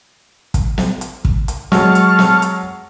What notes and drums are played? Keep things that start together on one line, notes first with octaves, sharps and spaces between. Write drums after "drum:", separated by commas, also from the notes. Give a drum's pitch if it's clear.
drum: kick, hi-hat
drum: snare
drum: hi-hat
drum: kick
drum: hi-hat
F#3 G#3 A5 C#6 F6, drum: snare
drum: hi-hat
drum: snare
drum: hi-hat